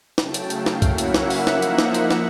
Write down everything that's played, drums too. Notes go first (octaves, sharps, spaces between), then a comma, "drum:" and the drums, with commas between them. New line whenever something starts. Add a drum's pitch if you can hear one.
C#3 F#3 A3 G5 A5, drum: snare
drum: hi-hat
F5 G5, drum: hi-hat
drum: snare
F#3 A#3 C#4 E4 E5 F#5, drum: kick, hi-hat
drum: hi-hat
drum: snare
drum: open hi-hat
F3 A#3 D#4, drum: snare
drum: hi-hat
drum: snare
drum: hi-hat
drum: snare